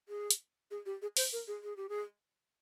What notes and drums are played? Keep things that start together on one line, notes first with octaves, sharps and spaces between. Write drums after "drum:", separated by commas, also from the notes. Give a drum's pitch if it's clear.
G#4
drum: hi-hat
G#4
G4
G#4
C5, drum: open hi-hat
A#4
G#4
G#4
G4
G#4